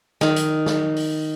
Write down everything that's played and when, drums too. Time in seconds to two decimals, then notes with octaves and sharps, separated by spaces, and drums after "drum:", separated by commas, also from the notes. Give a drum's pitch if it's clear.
0.21 D#3, drum: snare
0.36 drum: hi-hat
0.66 drum: snare
0.96 drum: open hi-hat